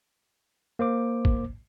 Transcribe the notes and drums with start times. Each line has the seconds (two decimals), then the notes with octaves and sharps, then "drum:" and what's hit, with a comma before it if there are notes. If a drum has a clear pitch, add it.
0.79 A#3 C5 D6
1.25 drum: kick